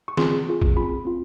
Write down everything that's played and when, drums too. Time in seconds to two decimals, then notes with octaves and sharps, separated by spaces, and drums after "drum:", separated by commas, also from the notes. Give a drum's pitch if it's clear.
0.08 C#6
0.17 C4 F4 G#4 C6, drum: snare
0.47 C4 F4 G#4
0.62 drum: kick
0.76 C4 F4 G#4 B5
1.05 C4 F4